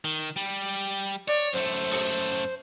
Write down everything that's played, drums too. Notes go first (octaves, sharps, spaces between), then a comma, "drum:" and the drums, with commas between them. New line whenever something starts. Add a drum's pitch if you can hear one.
D#3
G3
C#5 D5
F#2 A3 C5
drum: open hi-hat